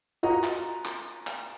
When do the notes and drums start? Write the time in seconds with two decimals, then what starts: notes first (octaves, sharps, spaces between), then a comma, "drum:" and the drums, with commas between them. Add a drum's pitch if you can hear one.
0.23 F4 F#4 D#5 A#5
0.44 drum: clap
0.85 drum: clap
1.27 drum: clap